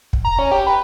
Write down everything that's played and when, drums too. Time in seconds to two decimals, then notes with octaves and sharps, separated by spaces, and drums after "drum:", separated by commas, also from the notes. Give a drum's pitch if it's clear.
0.13 drum: kick
0.25 A#5
0.39 C#4
0.52 G4
0.67 B4